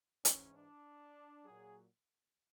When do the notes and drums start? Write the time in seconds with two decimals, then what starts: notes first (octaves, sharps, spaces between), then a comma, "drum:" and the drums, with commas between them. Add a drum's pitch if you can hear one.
0.25 G#2 E3 C#4, drum: hi-hat
0.55 D4
1.44 F#3 G#4
1.49 A#2